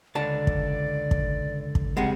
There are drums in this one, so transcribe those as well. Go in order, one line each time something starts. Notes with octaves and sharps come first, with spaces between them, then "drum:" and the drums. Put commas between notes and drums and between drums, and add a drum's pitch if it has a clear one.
C#2 D3 D5 A5
drum: kick
drum: kick
drum: kick
C#2 C3 G#3 F#5